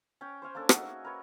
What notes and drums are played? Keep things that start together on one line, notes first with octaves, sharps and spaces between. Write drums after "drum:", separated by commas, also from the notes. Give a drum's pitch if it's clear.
C#4 G5
C5 C#5 F5 G#5
A#3 C#4 D4 A4
D#4 F#4 G#4, drum: rim click
E5
A#4 B4 C#5